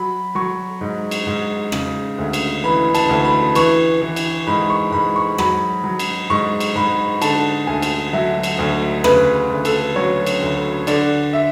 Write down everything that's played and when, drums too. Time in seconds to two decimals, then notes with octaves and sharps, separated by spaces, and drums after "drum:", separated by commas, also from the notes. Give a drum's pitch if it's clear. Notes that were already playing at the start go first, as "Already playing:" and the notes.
Already playing: F#3 B5
0.35 F#3 C#6
0.81 G#2
1.11 drum: cymbal
1.27 G#2
1.72 C#3, drum: rim click
2.18 D2
2.33 drum: cymbal
2.64 E3 B5
2.95 A5, drum: cymbal
3.09 D2
3.25 B5
3.55 E3 C#6, drum: cymbal
4.01 E3
4.16 drum: cymbal
4.47 G#2 B5
4.70 C#6
4.92 G#2 B5
5.16 C#6
5.38 F#3 B5, drum: rim click
5.84 F#3
5.99 drum: cymbal
6.30 G#2 C#6
6.60 drum: cymbal
6.76 G#2 B5
7.22 D3 A5, drum: cymbal
7.67 D2 G#5
7.82 drum: cymbal
8.13 F#3 E5
8.43 drum: cymbal
8.59 D2
9.04 C#3 B4, drum: rim click
9.50 D2
9.65 A4, drum: cymbal
9.96 F#3 C#5
10.26 drum: cymbal
10.42 D2
10.87 D3 D5, drum: cymbal
11.33 E5